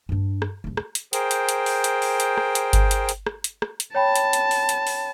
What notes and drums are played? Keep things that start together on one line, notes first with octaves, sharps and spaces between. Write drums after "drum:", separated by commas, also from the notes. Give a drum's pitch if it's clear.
G2 D4
drum: rim click
F#1 C2
drum: rim click
drum: hi-hat
G#4 A#4 C5 G5, drum: hi-hat
drum: hi-hat
drum: hi-hat
drum: open hi-hat
drum: hi-hat
drum: open hi-hat
drum: hi-hat
drum: rim click
drum: hi-hat
drum: kick G1, hi-hat
drum: hi-hat
drum: hi-hat
drum: rim click
drum: hi-hat
drum: rim click
drum: hi-hat
C#5 G5 A5 B5
drum: hi-hat
drum: hi-hat
drum: open hi-hat
drum: hi-hat
drum: open hi-hat